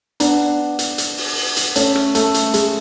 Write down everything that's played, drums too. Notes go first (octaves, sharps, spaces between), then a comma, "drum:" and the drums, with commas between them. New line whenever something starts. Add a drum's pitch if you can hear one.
B3 D4, drum: hi-hat
drum: hi-hat
drum: hi-hat
drum: open hi-hat
drum: open hi-hat
drum: hi-hat
A3 C#4, drum: hi-hat
drum: rim click
A3, drum: hi-hat
drum: hi-hat
G#3, drum: hi-hat